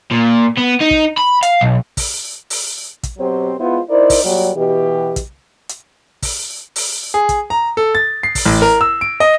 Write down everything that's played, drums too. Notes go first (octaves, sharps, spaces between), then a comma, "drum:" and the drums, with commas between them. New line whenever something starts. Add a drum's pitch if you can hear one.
A#2
B3
D#4
drum: kick
B5
F5, drum: hi-hat
B1
drum: kick, open hi-hat
drum: open hi-hat
drum: kick, hi-hat
B2 F#3 C4 G4 C5
G#3 B3 E4 F4 C5
D#4 E4 A#4 C5 D5
drum: kick, open hi-hat
A#2 F#3 G3
B2 E3 G4
drum: kick, hi-hat
drum: hi-hat
drum: kick, open hi-hat
drum: open hi-hat
G#4
drum: kick, hi-hat
A#5
A4
A6
C7
drum: kick, open hi-hat
A1
A#4
E6
D7
D#5